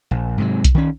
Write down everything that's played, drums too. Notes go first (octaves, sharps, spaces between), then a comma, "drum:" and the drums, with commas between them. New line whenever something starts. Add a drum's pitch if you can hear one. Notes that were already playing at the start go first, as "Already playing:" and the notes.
A#1
G#2 C3 F#3
drum: kick B1, hi-hat
D#3 C#4